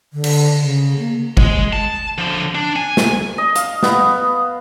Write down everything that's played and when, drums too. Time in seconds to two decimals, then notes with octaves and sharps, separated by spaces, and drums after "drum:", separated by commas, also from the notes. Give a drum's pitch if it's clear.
0.13 D3
0.24 drum: cymbal
0.60 C#3
0.99 A#3
1.37 G#3, drum: kick G1
1.73 A5
2.18 D3 F3
2.55 D4
2.76 G#5
2.97 drum: snare
3.38 D#5
3.56 F5, drum: hi-hat
3.83 B3, drum: snare